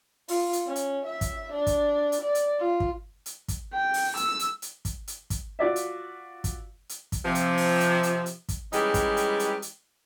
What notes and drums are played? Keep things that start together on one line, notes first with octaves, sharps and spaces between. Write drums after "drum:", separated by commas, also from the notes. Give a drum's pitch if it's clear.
F4, drum: open hi-hat
drum: hi-hat
C#4
drum: hi-hat
E5
drum: kick, hi-hat
D4
drum: kick, hi-hat
drum: hi-hat
D5
drum: hi-hat
F4
drum: kick
drum: hi-hat
drum: kick, hi-hat
G5
drum: open hi-hat
E6, drum: hi-hat
drum: hi-hat
drum: hi-hat
drum: kick, hi-hat
drum: hi-hat
drum: kick, hi-hat
F4 F#4 D5 E5
drum: hi-hat
drum: kick, hi-hat
drum: hi-hat
drum: kick, hi-hat
C3 F3
drum: hi-hat
drum: open hi-hat
drum: hi-hat
drum: hi-hat
drum: hi-hat
drum: kick, hi-hat
E3 G3 G#3 C#4 D#4 G4, drum: hi-hat
drum: kick, hi-hat
drum: hi-hat
drum: hi-hat
drum: hi-hat